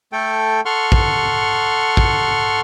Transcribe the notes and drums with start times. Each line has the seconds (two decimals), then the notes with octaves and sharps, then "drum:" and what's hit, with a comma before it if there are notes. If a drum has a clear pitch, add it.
0.12 A3 A4 G5
0.65 A4 F#5 C6 C#6 F6
0.92 drum: kick
1.97 drum: kick